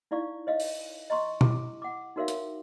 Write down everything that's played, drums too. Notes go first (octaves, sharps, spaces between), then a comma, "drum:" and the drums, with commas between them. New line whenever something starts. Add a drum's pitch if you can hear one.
D#4 E4 D5 F5 C#6
C#5 D#5 F5
drum: open hi-hat
D#5 A#5 C6 C#6
E4 G4 D6, drum: tom
F#5 D6
D#4 F#4 A#4 C#5 E5 F5
drum: hi-hat